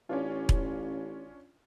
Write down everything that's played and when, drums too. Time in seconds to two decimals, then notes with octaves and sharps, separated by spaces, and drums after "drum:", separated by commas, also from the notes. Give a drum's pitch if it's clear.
0.09 A1 C#4 D4 F4
0.49 drum: kick E1